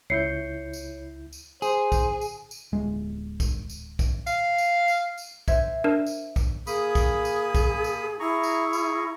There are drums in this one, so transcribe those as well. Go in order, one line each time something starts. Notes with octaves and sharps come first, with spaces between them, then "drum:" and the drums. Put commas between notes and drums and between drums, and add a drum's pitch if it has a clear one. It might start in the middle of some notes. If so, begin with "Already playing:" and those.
C#2 E4 C#5 G6 C7 C#7
drum: tambourine
drum: tambourine
G#4 C5, drum: tambourine
drum: kick B1, tambourine
drum: tambourine
drum: tambourine
D1 G#3
drum: kick B1, tambourine
drum: tambourine
drum: kick B1, tambourine
F5, drum: tambourine
drum: tambourine
drum: tambourine
drum: tambourine
C5 E5 G#6, drum: kick B1, tambourine
D4 A#4
drum: tambourine
drum: kick B1, tambourine
A#3 G#4 B5 D#6, drum: tambourine
drum: kick B1, tambourine
drum: tambourine
drum: kick B1, tambourine
drum: tambourine
E4 G#4 A#5 C#6
drum: tambourine
drum: tambourine